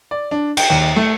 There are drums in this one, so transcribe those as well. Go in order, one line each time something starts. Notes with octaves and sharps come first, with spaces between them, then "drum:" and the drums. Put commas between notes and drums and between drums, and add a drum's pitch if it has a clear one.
D5
D4
G5, drum: cymbal
D#2
A3